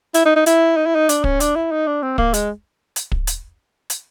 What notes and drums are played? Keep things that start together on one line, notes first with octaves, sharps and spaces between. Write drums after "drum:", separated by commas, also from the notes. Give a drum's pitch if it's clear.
E4, drum: hi-hat
D#4
D#4
E4, drum: hi-hat
D#4
E4
D#4
D4, drum: hi-hat
C#4, drum: kick
D4, drum: hi-hat
E4
D#4
D4
C4
A#3, drum: kick
G#3, drum: hi-hat
drum: hi-hat
drum: kick
drum: hi-hat
drum: hi-hat